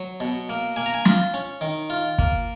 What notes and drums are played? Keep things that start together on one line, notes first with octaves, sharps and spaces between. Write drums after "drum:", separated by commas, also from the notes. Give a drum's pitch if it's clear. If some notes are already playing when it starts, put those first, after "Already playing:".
Already playing: F#3
B2
A#3
A#3 G#5
A#5
G#5
F4, drum: snare
C#4
D#3
F4
A#3, drum: kick